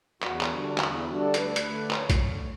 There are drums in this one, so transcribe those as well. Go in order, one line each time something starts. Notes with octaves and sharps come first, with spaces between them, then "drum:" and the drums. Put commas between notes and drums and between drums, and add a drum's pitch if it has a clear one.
E2 F#4, drum: clap
drum: clap
D3 G3 D4
E2, drum: clap
E4
D3 G3 D4 F#4
A4
D2 B4, drum: hi-hat
A4
B4, drum: hi-hat
D3 A3
D5
D2 C#5, drum: clap
drum: kick, hi-hat
D3 A3